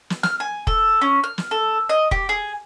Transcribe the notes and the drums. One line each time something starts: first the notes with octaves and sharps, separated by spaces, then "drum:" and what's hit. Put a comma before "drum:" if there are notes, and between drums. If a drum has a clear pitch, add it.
drum: snare
F6, drum: snare
G#5
A4, drum: kick
C#4
F6
drum: snare
A4
D#5
G4, drum: kick
G#4